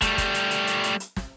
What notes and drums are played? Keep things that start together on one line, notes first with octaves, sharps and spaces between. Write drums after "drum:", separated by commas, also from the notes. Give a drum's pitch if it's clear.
G3 A3, drum: kick, hi-hat
drum: kick, hi-hat
drum: hi-hat
drum: hi-hat
drum: hi-hat
drum: hi-hat
drum: hi-hat
drum: snare